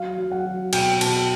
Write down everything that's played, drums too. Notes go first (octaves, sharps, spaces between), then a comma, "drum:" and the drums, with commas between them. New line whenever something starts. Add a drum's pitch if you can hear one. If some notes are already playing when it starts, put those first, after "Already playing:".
Already playing: F#3 F5
F#3
F#5
F#3
B2 G5, drum: cymbal
B2 A5, drum: cymbal